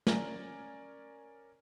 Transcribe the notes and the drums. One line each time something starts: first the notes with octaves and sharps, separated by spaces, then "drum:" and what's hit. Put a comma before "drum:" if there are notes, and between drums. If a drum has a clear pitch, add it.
C#4 A#4 D5 G#5 A#5, drum: snare